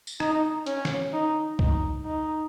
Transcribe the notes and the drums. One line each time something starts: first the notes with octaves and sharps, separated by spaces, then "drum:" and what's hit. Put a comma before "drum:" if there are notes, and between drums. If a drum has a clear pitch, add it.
drum: tambourine
D#4, drum: rim click
C#4, drum: hi-hat
drum: snare
D#4
D#4, drum: kick C2
D#4